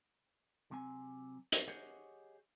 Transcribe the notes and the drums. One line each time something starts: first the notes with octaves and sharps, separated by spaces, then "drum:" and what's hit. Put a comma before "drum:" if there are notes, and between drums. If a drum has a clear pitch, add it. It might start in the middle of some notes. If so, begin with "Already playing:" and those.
C3 F#3 C4 G#5
drum: hi-hat
G4 G#4 C#5 D#5 F#5